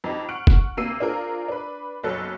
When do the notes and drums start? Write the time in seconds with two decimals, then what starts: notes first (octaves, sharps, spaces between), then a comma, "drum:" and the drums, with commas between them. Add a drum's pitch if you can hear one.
0.04 F2 D#4 G4
0.29 F#5 C#6 F6 F#6 D7
0.47 drum: kick F1
0.77 D2 C3 A#3 E6 C7 D#7
1.00 D4 F4 G#4 A#4 C5
1.48 D4 B4
2.03 F#1 B1 F#3 A4